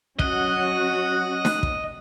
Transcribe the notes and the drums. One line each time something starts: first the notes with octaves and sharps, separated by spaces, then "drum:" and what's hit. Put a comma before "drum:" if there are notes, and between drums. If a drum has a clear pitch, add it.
F#3 C#4 F#4 D#5 F#6, drum: kick
drum: snare
drum: kick